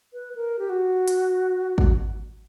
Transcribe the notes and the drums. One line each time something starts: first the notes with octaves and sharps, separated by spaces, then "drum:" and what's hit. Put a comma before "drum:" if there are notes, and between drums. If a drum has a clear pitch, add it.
B4
A#4
G4
F#4
drum: hi-hat
drum: kick